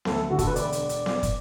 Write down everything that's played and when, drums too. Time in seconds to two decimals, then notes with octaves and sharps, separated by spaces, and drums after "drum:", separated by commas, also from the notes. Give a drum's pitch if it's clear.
0.05 D2 A4, drum: snare B3
0.30 D3 F#4
0.39 A4, drum: kick, hi-hat
0.47 B4
0.56 E1 D5, drum: hi-hat
0.72 drum: hi-hat
0.89 drum: hi-hat
1.06 drum: snare B3
1.23 drum: kick, hi-hat